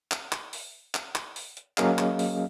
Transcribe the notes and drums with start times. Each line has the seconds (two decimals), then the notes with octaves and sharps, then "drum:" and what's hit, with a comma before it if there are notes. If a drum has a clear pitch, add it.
0.11 drum: clap
0.32 drum: clap
0.53 drum: open hi-hat
0.94 drum: clap
1.15 drum: clap
1.36 drum: open hi-hat
1.57 drum: hi-hat
1.78 F#3 A#3 C#4 G#4 D#5 F5, drum: clap
1.98 drum: clap
2.19 drum: open hi-hat